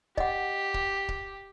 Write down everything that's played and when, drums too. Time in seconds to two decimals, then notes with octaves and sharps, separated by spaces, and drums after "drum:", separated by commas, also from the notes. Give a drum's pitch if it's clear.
0.17 G4 D#5 F#5, drum: kick C#1
0.74 drum: kick C#1
1.08 drum: kick C#1